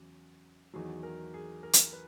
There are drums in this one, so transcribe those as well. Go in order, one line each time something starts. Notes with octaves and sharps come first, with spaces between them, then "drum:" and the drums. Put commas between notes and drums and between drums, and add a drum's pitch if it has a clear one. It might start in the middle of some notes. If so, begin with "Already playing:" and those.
Already playing: E2 C#3 F#3
E2 D#3 F#3 G#4
A#4
G#4
A#4
drum: hi-hat
B4